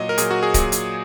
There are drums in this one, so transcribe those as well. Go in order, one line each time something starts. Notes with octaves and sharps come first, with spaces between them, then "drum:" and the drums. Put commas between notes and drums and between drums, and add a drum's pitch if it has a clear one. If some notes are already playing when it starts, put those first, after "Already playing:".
Already playing: A#2 F#3 D#5
A#4
A#2 F#3 G#4, drum: hi-hat
F#4
G#4
A#2 F#3, drum: kick, hi-hat
drum: hi-hat